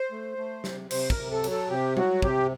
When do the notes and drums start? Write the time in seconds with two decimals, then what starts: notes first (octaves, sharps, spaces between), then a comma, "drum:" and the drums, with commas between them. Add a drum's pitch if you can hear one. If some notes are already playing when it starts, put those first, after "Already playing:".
Already playing: C5
0.12 A3
0.37 A3
0.64 C3, drum: snare
0.91 C3 C5, drum: cymbal
1.10 A#4, drum: kick
1.17 C3
1.31 A4
1.44 F#3, drum: cymbal
1.51 A4
1.70 C3 G4
1.97 F#3 F#4, drum: tom G3
2.22 C3 G4, drum: kick